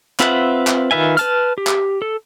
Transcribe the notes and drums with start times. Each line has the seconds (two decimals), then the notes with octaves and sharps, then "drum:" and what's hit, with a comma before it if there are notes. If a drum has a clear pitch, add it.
0.20 C4 F4 B4 E5 F#5, drum: clap
0.67 drum: clap
0.91 D#3 F4 B4 E5 G#5
1.17 B4 A5 F6, drum: hi-hat
1.58 G4
1.67 drum: clap
2.02 A4